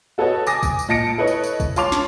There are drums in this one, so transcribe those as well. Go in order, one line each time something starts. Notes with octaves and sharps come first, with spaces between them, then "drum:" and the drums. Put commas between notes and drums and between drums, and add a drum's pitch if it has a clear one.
F#4 A4 B4 C#5 D#5
G#5 D6 D#6 A#6, drum: tambourine
drum: kick, tambourine
drum: tambourine
A#2 D#5 A5 A#6 C#7 D7
E4 A4 B4 C#5 D#5
drum: tambourine
drum: tambourine
drum: kick, tambourine
F4 C#5 A5 C6 D6 F7, drum: tambourine
drum: snare